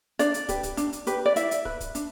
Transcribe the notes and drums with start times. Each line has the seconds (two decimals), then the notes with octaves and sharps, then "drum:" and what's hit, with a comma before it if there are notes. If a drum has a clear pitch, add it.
0.19 D4 D5, drum: hi-hat
0.34 drum: hi-hat
0.49 G4 B4, drum: kick, hi-hat
0.63 drum: kick, hi-hat
0.77 D4, drum: hi-hat
0.93 drum: hi-hat
1.07 G4 B4, drum: hi-hat
1.26 D5
1.36 E4 E5, drum: hi-hat
1.51 drum: hi-hat
1.65 B4, drum: kick
1.80 drum: kick, hi-hat
1.95 D4, drum: hi-hat